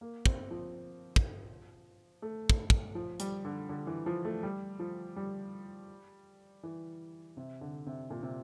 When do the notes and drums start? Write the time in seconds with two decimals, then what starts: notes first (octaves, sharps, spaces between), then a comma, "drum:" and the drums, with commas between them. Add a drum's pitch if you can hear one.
0.01 A#3
0.26 C4, drum: kick
0.51 F3
1.16 drum: kick
2.22 A3
2.50 drum: kick
2.70 drum: kick
2.95 F3
3.20 G3, drum: hi-hat
3.45 D3
3.69 D3
3.87 E3
4.06 F3
4.25 A3
4.43 G3
4.79 F3
5.16 G3
6.63 E3
7.37 C3
7.61 D3
7.86 C3
8.10 A#2
8.23 C3